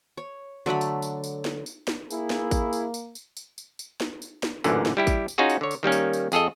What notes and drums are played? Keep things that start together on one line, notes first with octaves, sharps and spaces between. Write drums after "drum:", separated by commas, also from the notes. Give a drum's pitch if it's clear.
C#5
D3 F#3 A3 B5
drum: tambourine
drum: tambourine
drum: tambourine
drum: snare
drum: tambourine
drum: snare
A#3 E4 G#4, drum: tambourine
drum: snare
drum: kick, tambourine
drum: tambourine
drum: tambourine
drum: tambourine
drum: tambourine
drum: tambourine
drum: tambourine
drum: snare
drum: tambourine
drum: snare
A1 F#2 A#2 D3 E3, drum: tambourine
drum: snare
G3 E4 G4
drum: kick, tambourine
drum: tambourine
C#4 D#4 F4 F#4 G#4
drum: tambourine
D3 C#5
drum: tambourine
D#3 G3 A#3 C#4
drum: tambourine
drum: tambourine
F2 G#4 A4 D#5, drum: tambourine